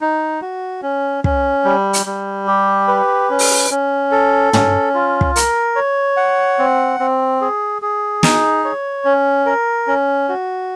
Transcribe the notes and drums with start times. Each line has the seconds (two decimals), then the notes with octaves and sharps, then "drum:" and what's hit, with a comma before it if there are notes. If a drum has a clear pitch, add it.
0.01 D#4
0.42 F#4
0.82 C#4
1.24 C#4, drum: kick
1.65 G3
1.93 drum: hi-hat
2.06 G3
2.47 G4
2.88 B4
3.30 C#4
3.39 drum: open hi-hat
3.71 C#4
4.11 A4
4.53 C#4, drum: tom
4.94 F4
5.21 drum: kick
5.36 A#4, drum: hi-hat
5.76 C#5
6.17 F#5
6.59 C4
7.00 C4
7.41 G#4
7.82 G#4
8.23 D#4, drum: snare
8.64 C#5
9.05 C#4
9.46 A#4
9.87 C#4
10.29 F#4